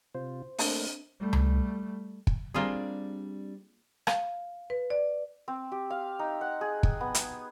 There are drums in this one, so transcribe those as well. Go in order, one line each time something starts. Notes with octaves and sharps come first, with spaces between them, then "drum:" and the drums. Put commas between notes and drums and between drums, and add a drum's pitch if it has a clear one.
C3 F4 C5
A3 A#3 C4 D4 F5, drum: open hi-hat
G3 A3
drum: tom C#2
drum: kick
G3 A#3 C4 D4 F4 G#4
F5, drum: rim click
B4
D5
C4
G4
F5
D#4
F#5
G#4
D#6, drum: kick
B3
D#6, drum: hi-hat